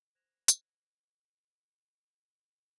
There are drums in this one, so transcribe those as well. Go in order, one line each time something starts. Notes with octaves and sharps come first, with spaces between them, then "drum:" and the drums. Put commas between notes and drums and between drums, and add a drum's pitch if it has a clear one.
C5 F#6 G#6 A#6 E7 F7
drum: hi-hat